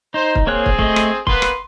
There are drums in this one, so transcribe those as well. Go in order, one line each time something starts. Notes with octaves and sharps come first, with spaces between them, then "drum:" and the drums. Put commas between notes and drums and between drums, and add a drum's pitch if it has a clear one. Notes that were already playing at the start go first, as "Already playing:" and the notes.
D#4 C5
drum: kick
A#3 C4 G#4 C#5 F#6
drum: kick
A3 D#5, drum: kick
drum: rim click
A#3 B3 B4 C6, drum: kick
drum: rim click